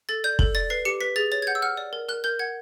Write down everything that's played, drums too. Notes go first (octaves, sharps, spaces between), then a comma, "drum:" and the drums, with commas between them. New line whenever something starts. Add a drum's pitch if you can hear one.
A4 A6
D5 G6
A4, drum: kick
D5 A6
B4 C7
G4 C#7
B4 B6
G#4 A6
C#5 A6
G#6
F#5 G6
E6
F#5 F6
D5
A#4
A#4 F#6
A#4 G6
F#5 G#6